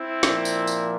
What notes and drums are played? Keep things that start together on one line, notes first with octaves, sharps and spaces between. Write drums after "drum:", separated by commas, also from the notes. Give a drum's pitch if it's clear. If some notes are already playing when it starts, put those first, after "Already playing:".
Already playing: C4 E4
A#2 F3, drum: snare
drum: tambourine
drum: tambourine